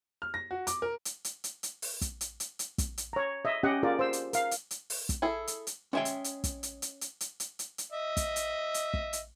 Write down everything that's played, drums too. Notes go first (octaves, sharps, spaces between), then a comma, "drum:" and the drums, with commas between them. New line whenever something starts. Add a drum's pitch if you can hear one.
F6
A#6
F#4
D6, drum: hi-hat
A#4
drum: hi-hat
drum: hi-hat
drum: hi-hat
drum: hi-hat
drum: open hi-hat
drum: kick, hi-hat
drum: hi-hat
drum: hi-hat
drum: hi-hat
drum: kick, hi-hat
drum: hi-hat
C#5 A#5
D#5 E5
C#4 G4 D#5 F#5
F4 G#4 A#4 D5
C5 E6
drum: hi-hat
A#4 F5, drum: hi-hat
drum: hi-hat
drum: hi-hat
drum: open hi-hat
drum: kick, hi-hat
E4 G#4 A4
drum: hi-hat
drum: hi-hat
G#3 C#4 G#4 E5 G5 G#5
drum: hi-hat
drum: hi-hat
drum: kick, hi-hat
drum: hi-hat
drum: hi-hat
drum: hi-hat
drum: hi-hat
drum: hi-hat
drum: hi-hat
drum: hi-hat
D#5 E5
drum: kick, hi-hat
drum: hi-hat
drum: hi-hat
drum: kick
drum: hi-hat